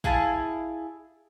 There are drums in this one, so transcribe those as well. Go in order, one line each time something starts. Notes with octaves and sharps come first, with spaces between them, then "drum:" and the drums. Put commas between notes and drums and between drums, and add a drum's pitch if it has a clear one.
E4 G#4 F5 A5, drum: kick